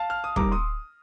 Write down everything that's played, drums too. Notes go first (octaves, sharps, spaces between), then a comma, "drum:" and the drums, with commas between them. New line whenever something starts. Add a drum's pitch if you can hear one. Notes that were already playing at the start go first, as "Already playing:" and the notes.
Already playing: F5 A5
F6
D#6
G3 A#3 D#4 A#5 D6, drum: kick
C6 D#6